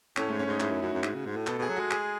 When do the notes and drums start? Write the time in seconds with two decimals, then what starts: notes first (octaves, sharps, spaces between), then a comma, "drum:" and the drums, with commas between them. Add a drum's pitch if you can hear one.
0.17 A2 C#4, drum: clap
0.28 G#2 A3
0.39 C#4
0.46 G#2 D#4
0.60 G#2 E4, drum: clap
0.71 F#2
0.82 F#2 F#4
0.93 F#2
1.04 G#2, drum: clap
1.14 C#3
1.25 G#2
1.36 A2
1.47 B2 A4, drum: clap
1.58 B2 G#4
1.69 F#3
1.76 G#3 F#4
1.91 G#4, drum: clap